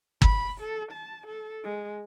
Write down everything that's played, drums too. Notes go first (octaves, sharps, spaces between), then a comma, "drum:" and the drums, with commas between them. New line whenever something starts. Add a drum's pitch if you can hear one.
B5, drum: kick
A4
A5
A4
G#3